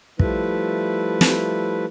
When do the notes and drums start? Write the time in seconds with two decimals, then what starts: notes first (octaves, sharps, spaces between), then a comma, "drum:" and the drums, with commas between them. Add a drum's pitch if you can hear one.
0.19 F3 G3 A3 E4 B4, drum: kick
1.21 drum: snare